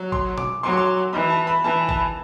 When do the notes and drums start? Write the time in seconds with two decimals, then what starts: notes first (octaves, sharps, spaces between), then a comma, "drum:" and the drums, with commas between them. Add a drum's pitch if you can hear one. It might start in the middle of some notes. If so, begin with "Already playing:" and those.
Already playing: F#3
0.12 C6, drum: kick
0.38 D6, drum: tom B2
0.63 F#3 C6
0.70 D6
0.77 C6
1.13 E3 B5
1.30 A5
1.47 B5
1.64 E3 A5
1.89 A5, drum: kick